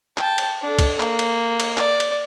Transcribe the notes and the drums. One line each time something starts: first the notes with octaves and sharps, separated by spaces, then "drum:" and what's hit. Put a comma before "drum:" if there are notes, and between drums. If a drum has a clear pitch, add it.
G5 A5, drum: clap
drum: cymbal
D4 A4
drum: kick, cymbal
A#3, drum: clap
drum: cymbal
drum: cymbal
D5, drum: clap
drum: cymbal